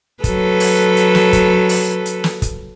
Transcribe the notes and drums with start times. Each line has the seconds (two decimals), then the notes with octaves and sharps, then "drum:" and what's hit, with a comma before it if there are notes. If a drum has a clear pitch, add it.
0.24 F#3 A4 B4, drum: kick, hi-hat
0.60 drum: open hi-hat
0.96 drum: hi-hat
1.15 drum: snare
1.33 drum: kick, hi-hat
1.69 drum: open hi-hat
2.06 drum: hi-hat
2.24 drum: snare
2.42 drum: kick, hi-hat